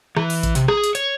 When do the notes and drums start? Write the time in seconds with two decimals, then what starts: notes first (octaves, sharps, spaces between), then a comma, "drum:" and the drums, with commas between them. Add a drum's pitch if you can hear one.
0.17 E3, drum: rim click
0.30 drum: open hi-hat
0.43 drum: kick A1, hi-hat
0.55 C3, drum: hi-hat
0.68 G#4, drum: rim click
0.84 drum: hi-hat
0.95 C#5, drum: hi-hat